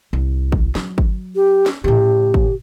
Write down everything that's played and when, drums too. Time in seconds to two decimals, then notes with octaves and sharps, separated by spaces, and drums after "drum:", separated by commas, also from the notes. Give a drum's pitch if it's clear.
0.13 C2
0.52 drum: kick
0.75 F#3, drum: snare
0.98 drum: kick
1.36 G4
1.66 drum: snare
1.84 A2 C#3 G4
2.34 drum: kick